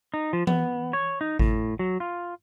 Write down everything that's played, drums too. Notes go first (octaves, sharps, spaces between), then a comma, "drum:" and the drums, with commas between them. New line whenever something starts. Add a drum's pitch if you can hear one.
D#4
F3
B3, drum: tom E3
C#5
D#4
A2, drum: kick G#1
F#3
F4